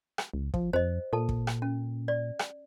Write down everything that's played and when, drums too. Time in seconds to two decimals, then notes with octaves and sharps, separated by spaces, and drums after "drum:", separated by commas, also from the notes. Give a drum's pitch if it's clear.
0.18 drum: rim click
0.34 C#2
0.54 F3, drum: kick
0.73 F2 C5 D#5
1.13 A#2 A4 A5
1.29 drum: kick
1.47 drum: rim click
1.62 C#4
2.08 D5
2.39 drum: rim click